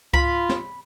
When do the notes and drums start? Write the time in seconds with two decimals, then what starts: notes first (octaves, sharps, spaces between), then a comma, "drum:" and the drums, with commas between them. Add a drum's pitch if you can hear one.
0.14 F4 B5, drum: kick C#2
0.49 drum: snare